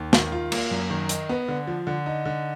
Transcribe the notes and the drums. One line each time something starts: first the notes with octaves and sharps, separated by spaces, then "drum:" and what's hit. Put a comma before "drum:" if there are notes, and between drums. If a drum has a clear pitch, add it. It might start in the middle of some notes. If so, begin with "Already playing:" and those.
Already playing: D#2
D#3, drum: snare
F4
A#3, drum: cymbal
F#2
D#3
D#4, drum: hi-hat
B3
D3
F3
D3
D#4
D3